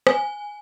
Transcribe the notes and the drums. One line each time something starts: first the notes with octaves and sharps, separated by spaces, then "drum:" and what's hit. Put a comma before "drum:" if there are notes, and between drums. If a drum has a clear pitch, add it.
G#5, drum: rim click